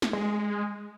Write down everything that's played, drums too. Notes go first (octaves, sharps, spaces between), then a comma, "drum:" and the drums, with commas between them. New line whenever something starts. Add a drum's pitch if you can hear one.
drum: snare
G#3